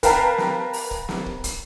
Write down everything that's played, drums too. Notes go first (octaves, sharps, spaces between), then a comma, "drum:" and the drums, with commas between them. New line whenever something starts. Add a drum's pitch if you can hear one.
A#4 B4 F5 G5 A5 A#5, drum: kick, hi-hat
drum: snare
drum: open hi-hat
drum: kick
drum: snare
drum: kick
drum: kick, hi-hat